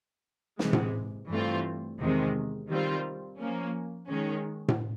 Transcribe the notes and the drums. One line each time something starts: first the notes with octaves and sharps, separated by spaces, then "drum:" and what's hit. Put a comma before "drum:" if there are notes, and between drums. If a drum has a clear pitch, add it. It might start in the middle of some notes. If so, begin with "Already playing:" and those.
C3 E3 G#3, drum: snare
drum: tom A2
G2 E3 A3 C4 F4
E2 C3 D#3 G#3
D#3 G3 C4 F4
F3 A#3 C#4
D#3 G#3 C#4
drum: tom A2